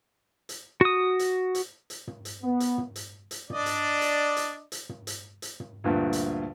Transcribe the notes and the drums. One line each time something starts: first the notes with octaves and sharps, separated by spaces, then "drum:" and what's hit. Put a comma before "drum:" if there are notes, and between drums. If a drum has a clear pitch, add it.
drum: hi-hat
F#4 D#6
drum: hi-hat
drum: hi-hat
drum: hi-hat
drum: tom
drum: hi-hat
B3
drum: hi-hat
drum: tom
drum: hi-hat
drum: hi-hat
D4 D5 D#5, drum: tom
drum: hi-hat
drum: hi-hat
drum: hi-hat
drum: hi-hat
drum: tom
drum: hi-hat
drum: hi-hat
drum: tom
D2 G2 A#2
drum: hi-hat